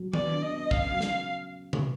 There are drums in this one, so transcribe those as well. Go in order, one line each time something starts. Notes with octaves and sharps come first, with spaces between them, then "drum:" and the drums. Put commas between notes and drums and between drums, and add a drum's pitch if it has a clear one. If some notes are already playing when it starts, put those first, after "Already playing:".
Already playing: F#3
B3 D5, drum: tom D#3
D4
D#5
B3
C#3 F5, drum: kick
F#3
drum: snare
drum: tom C3